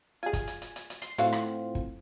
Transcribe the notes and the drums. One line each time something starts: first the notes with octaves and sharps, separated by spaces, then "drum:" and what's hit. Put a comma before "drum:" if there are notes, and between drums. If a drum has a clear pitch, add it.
F4 G#4 G#5
drum: kick, hi-hat
drum: hi-hat
drum: hi-hat
drum: hi-hat
drum: hi-hat
C6, drum: hi-hat
A2 A3 C4 F4 F#4 F5, drum: hi-hat
drum: rim click
drum: kick